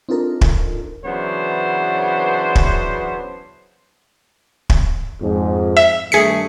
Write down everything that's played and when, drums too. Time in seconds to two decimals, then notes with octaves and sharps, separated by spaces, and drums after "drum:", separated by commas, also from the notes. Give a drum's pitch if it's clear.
0.09 C4 D4 D#4 F4 A4 A#4
0.41 drum: kick
1.05 C#3 E3 F#3 B3 D4 C5
2.55 drum: kick
4.70 drum: kick
5.19 F2 G#2
5.77 E5
6.12 G2 D#3 A3 G#4 B6 C#7